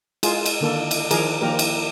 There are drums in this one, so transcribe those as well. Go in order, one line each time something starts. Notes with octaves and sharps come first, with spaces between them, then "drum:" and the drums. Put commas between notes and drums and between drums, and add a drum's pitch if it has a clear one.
G#3 F4 G#4, drum: cymbal
drum: cymbal
D3 D#3 A#3 A4
drum: cymbal
D#3 F3 G#4 A#4, drum: cymbal
D#3 F3 A#3 G4 A#4
drum: cymbal